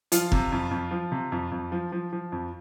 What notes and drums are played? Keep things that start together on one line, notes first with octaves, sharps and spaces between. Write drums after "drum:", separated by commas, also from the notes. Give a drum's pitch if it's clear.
F3 F4, drum: hi-hat
C3, drum: kick F1
F2
F2
F3
C3
F2
F2
F3
F3
F3
F2